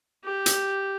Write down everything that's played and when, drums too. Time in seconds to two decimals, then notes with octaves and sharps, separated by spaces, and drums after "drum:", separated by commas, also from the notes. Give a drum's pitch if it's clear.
0.24 G4
0.46 drum: hi-hat